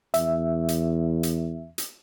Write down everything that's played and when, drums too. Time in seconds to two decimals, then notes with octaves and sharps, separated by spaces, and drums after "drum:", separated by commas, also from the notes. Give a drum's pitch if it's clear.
0.14 E2 E5, drum: hi-hat
0.68 drum: hi-hat
1.23 drum: hi-hat
1.78 drum: hi-hat